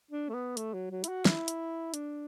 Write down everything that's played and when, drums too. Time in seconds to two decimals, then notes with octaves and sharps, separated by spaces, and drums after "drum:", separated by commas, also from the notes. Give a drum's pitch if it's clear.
0.11 D4
0.29 A3
0.34 B3
0.57 A3, drum: hi-hat
0.74 F#3
0.91 F#3
1.04 E4, drum: hi-hat
1.09 F#4
1.25 E4, drum: snare
1.48 drum: hi-hat
1.94 D4, drum: hi-hat